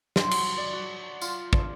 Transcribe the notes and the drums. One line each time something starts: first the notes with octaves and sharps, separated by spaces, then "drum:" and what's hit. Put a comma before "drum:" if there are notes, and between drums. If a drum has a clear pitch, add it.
C6, drum: snare
F#3, drum: cymbal
D5
F#4
F4, drum: tambourine
D4, drum: kick